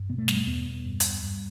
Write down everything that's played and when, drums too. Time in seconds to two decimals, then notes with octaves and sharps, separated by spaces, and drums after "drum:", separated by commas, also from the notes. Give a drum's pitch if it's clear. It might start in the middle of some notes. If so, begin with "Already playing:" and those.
Already playing: G2
0.09 B2 B3
0.18 A3
0.28 G3, drum: snare
0.37 A3
0.47 E2 B3
0.85 G2
1.00 drum: hi-hat
1.23 G2